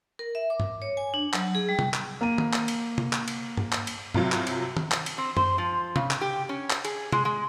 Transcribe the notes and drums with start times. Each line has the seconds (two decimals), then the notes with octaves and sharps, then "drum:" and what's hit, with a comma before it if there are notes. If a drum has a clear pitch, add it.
0.19 A#4
0.35 E5
0.50 D6
0.60 drum: tom G2
0.82 C#5
0.97 G#5
1.14 D4
1.33 F#3, drum: clap
1.55 G#4
1.69 G3
1.79 drum: tom C3
1.94 drum: clap
2.21 A#3 D#7
2.38 drum: tom
2.53 drum: clap
2.68 drum: cymbal
2.98 drum: tom C3
3.13 drum: clap
3.28 drum: cymbal
3.57 drum: tom G2
3.72 drum: clap
3.87 drum: cymbal
4.14 C2 C3 F#3 F4, drum: tom G2
4.32 drum: clap
4.47 drum: cymbal
4.77 drum: tom
4.91 drum: clap
5.06 drum: cymbal
5.18 C4
5.37 C5, drum: tom F#2
5.58 F3
5.96 C#3, drum: tom C3
6.11 drum: clap
6.21 G4
6.49 C#4
6.70 drum: clap
6.85 G#4, drum: cymbal
7.12 G#3, drum: tom C3
7.25 G#3